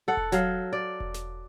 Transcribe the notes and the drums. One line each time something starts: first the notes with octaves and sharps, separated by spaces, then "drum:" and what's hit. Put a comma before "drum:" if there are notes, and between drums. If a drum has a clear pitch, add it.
A4 F#5
drum: kick E1
F#3 F5, drum: snare
D5
drum: kick E1
drum: snare